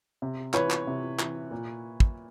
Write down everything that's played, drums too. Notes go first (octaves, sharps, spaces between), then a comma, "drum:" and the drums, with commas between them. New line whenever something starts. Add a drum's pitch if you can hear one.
C3
E3 B4 C#5, drum: clap
drum: clap
C3
E3, drum: clap
A#2
drum: kick